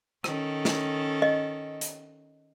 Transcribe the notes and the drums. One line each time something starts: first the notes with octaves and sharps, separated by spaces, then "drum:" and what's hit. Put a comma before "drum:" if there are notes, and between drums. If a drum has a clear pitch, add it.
D#3 C#4 A4, drum: rim click
drum: snare
D#5
drum: hi-hat